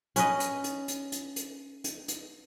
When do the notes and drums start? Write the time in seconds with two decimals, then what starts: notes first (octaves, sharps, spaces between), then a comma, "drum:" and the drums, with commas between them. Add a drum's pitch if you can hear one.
0.16 C#4 B4 D#5, drum: hi-hat
0.40 drum: hi-hat
0.64 drum: hi-hat
0.88 drum: hi-hat
1.12 drum: hi-hat
1.36 drum: hi-hat
1.84 drum: hi-hat
2.08 drum: hi-hat